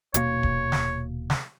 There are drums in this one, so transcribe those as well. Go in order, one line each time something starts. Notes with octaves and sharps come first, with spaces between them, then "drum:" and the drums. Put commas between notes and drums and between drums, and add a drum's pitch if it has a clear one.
D#1 B2 A#3 C#5, drum: hi-hat
drum: kick D1
drum: snare
drum: snare